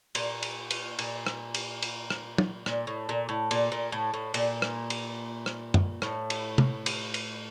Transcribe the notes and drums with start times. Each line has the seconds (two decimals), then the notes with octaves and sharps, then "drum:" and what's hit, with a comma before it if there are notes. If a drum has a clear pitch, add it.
0.15 A#2, drum: cymbal
0.43 drum: cymbal
0.71 drum: cymbal
0.99 A#2, drum: cymbal
1.26 drum: rim click
1.54 drum: cymbal
1.82 drum: cymbal
2.10 drum: rim click
2.38 drum: tom
2.66 A#2, drum: rim click
2.87 A2
3.09 A#2
3.29 A2
3.51 A#2, drum: cymbal
3.72 A#2
3.92 A2
4.14 A2
4.34 A#2, drum: cymbal
4.62 drum: rim click
4.90 drum: cymbal
5.46 drum: rim click
5.74 drum: tom
6.02 A2, drum: rim click
6.30 drum: cymbal
6.58 drum: tom
6.86 drum: cymbal
7.14 drum: cymbal